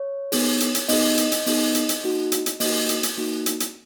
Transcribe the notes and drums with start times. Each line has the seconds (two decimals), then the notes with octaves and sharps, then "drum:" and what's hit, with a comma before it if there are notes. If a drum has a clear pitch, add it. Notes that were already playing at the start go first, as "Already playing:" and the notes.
Already playing: C#5
0.32 B3 D#4 G#4, drum: open hi-hat
0.60 drum: hi-hat
0.75 drum: hi-hat
0.88 B3 D#4 G#4 D#5, drum: open hi-hat
1.17 drum: hi-hat
1.32 drum: hi-hat
1.46 B3 D#4 G#4, drum: open hi-hat
1.75 drum: hi-hat
1.89 drum: hi-hat
2.04 A#3 D#4 F#4
2.32 drum: hi-hat
2.46 drum: hi-hat
2.60 A#3 D#4 F#4 D#5, drum: open hi-hat
2.89 drum: hi-hat
3.03 drum: hi-hat
3.17 A#3 D#4 F#4
3.46 drum: hi-hat
3.60 drum: hi-hat